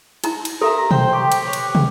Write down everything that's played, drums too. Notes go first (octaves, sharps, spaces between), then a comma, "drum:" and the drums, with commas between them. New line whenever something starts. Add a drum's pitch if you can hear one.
D#4 E4 A#5, drum: cymbal
drum: cymbal
G4 A4 A#4 E5 A#5
C5 G5, drum: tom B2
G4 C#6
drum: cymbal
B4 C#5
drum: cymbal
drum: tom